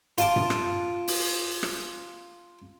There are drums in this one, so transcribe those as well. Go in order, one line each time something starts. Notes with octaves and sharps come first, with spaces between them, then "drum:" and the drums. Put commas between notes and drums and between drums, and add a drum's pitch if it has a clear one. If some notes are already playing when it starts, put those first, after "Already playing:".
F4 A5 D6, drum: hi-hat
drum: tom G2
drum: rim click
drum: open hi-hat
drum: rim click